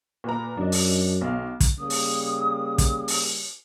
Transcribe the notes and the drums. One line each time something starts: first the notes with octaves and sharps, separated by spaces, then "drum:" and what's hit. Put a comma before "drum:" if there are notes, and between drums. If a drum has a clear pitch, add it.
A#2 B4 A#5
F#2 D4 D#5
drum: open hi-hat
B1 F5
drum: kick, hi-hat
C#3 G3 A#3 D#6
drum: open hi-hat
drum: kick, hi-hat
drum: open hi-hat